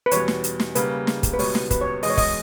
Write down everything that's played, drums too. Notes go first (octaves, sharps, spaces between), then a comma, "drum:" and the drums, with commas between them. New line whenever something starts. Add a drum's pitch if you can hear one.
B4
E2 B2 G3 C#5, drum: hi-hat
drum: snare
drum: hi-hat
drum: snare
C#3 G3 A#3 B4, drum: hi-hat
drum: snare
drum: kick, hi-hat
B4
C#2 B2 G3 B3 C#5, drum: open hi-hat
drum: snare
B4, drum: kick, hi-hat
C#5
E2 B2 G#3 D#5, drum: open hi-hat
C#5
D#5, drum: kick, open hi-hat